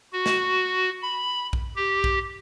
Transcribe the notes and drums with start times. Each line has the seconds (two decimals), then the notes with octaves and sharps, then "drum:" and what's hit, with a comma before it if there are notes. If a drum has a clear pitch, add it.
0.13 F#4
0.26 drum: snare
1.02 B5
1.53 drum: kick B1
1.76 G4
2.04 drum: kick B1